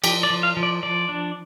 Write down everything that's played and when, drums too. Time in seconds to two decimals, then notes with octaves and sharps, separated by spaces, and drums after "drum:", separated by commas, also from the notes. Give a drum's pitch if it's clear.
0.04 F3 G4, drum: cymbal
0.23 D5
0.30 F3
0.43 F5
0.57 F3
0.63 D5
0.83 F3 D5
1.09 D4